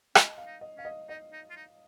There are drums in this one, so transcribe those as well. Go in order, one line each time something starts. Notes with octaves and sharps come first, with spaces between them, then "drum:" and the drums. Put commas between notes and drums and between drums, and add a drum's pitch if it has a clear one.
C#4 D#5, drum: rim click
F5
D#4
D#5
C#4 F5
D#5
D#4 D#5
D#4
F4
D#4